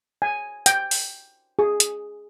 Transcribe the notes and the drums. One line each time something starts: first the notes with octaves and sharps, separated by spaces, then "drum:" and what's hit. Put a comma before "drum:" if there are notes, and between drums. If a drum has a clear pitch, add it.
G#5
G5, drum: hi-hat
drum: open hi-hat
G#4
drum: hi-hat